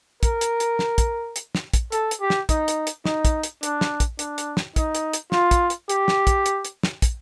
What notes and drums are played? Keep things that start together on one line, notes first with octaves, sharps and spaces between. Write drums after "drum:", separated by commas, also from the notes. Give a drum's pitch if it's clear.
A#4, drum: kick, hi-hat
drum: hi-hat
drum: hi-hat
drum: snare
drum: kick, hi-hat
drum: hi-hat
drum: snare
drum: kick, hi-hat
A4, drum: hi-hat
drum: hi-hat
G4
drum: snare
D#4, drum: kick, hi-hat
drum: hi-hat
drum: hi-hat
D#4, drum: snare
drum: kick, hi-hat
drum: hi-hat
D4, drum: hi-hat
drum: snare
drum: kick, hi-hat
D4, drum: hi-hat
drum: hi-hat
drum: snare
D#4, drum: kick, hi-hat
drum: hi-hat
drum: hi-hat
F4, drum: snare
drum: kick, hi-hat
drum: hi-hat
G4, drum: hi-hat
drum: snare
drum: kick, hi-hat
drum: hi-hat
drum: hi-hat
drum: snare
drum: kick, hi-hat